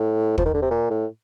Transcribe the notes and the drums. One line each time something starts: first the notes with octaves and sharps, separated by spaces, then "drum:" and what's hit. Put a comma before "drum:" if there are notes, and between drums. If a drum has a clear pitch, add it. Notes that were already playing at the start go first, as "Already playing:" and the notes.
Already playing: A2
F3, drum: kick
D#3
D3
C3
A#2
A2